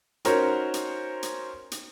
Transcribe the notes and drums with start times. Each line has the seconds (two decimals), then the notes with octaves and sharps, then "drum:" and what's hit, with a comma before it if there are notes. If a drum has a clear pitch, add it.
0.25 C#4 D#4 F#4 A#4 C5 C#5, drum: hi-hat
0.74 drum: hi-hat
1.23 drum: hi-hat
1.72 drum: hi-hat